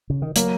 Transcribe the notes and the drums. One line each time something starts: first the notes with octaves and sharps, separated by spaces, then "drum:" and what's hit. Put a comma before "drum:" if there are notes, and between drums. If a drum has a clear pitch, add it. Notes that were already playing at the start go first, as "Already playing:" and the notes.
C#3
D#3
F#3 A#3, drum: hi-hat